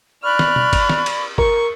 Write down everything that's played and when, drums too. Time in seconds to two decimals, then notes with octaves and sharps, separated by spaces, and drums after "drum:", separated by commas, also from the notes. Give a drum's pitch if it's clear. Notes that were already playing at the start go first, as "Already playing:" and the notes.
0.23 D5 B5 C#6 F6 F#6
0.39 drum: snare
0.56 drum: tom B2
0.73 drum: kick G1, cymbal
0.89 drum: snare
1.06 drum: cymbal
1.38 A#4 C#6, drum: kick G1